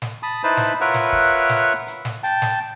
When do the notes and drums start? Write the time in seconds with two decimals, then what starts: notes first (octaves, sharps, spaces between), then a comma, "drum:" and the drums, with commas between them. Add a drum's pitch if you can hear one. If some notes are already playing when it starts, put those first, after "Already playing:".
0.02 drum: snare
0.23 A5 B5 D#6
0.43 D#4 E4 B4 C5 A5 B5
0.57 drum: snare
0.81 F4 A#4 B4 C#5 E5 F#5
0.94 drum: snare
1.13 drum: kick
1.49 drum: snare
1.86 drum: hi-hat
2.05 drum: snare
2.23 G5 A5, drum: hi-hat
2.42 drum: snare